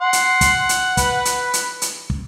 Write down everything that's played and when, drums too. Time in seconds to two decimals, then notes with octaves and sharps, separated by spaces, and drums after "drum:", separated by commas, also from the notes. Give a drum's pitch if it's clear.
0.02 F#5 C6
0.13 drum: hi-hat
0.41 drum: kick, hi-hat
0.69 drum: hi-hat
0.97 B4, drum: kick, hi-hat
1.25 drum: hi-hat
1.53 drum: hi-hat
1.82 drum: hi-hat
2.10 drum: kick